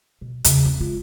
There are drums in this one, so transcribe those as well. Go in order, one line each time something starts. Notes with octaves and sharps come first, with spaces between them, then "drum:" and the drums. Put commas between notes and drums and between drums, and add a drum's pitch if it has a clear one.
B2
E2 C#3, drum: hi-hat
C4
G#3 F4